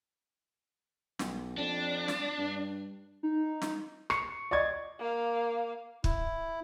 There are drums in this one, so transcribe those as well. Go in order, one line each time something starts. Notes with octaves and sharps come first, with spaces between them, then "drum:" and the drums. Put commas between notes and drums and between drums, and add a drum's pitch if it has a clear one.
B1, drum: snare
F2 D4
drum: snare
G2
D#4
drum: snare
C#6 C7 C#7, drum: rim click
D5 D#5 C#6 G#6
A#3 F5
E4, drum: kick